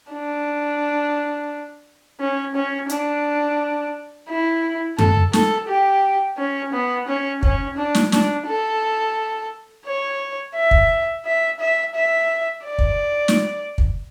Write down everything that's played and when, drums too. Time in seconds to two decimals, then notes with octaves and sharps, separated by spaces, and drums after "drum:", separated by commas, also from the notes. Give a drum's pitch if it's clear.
0.12 D4
2.20 C#4
2.55 C#4
2.89 D4, drum: hi-hat
4.29 E4
4.99 A4, drum: tom F#2
5.33 A4, drum: snare
5.68 G4
6.38 C#4
6.73 B3
7.08 C#4
7.43 C#4, drum: kick
7.77 D4
7.95 drum: snare
8.12 D4, drum: snare
8.47 A4
9.86 C#5
10.56 E5
10.71 drum: kick
11.26 E5
11.60 E5
11.95 E5
12.65 D5
12.78 drum: kick
13.28 drum: snare
13.78 drum: kick